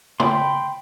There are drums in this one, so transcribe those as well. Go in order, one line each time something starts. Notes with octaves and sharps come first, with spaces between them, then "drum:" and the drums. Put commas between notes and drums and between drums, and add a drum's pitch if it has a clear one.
G5 B5 C6, drum: tom C#3